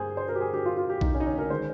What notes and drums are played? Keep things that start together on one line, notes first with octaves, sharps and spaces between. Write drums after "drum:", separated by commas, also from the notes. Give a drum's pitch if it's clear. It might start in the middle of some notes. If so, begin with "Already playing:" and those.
Already playing: G2 G3 A#3 G#4 C5
C5
A#4
G4
G#4
G4
F4
F4
G4
D#4, drum: kick B1
C#4
D#4
C#4
A#4
D#3 G#3 C5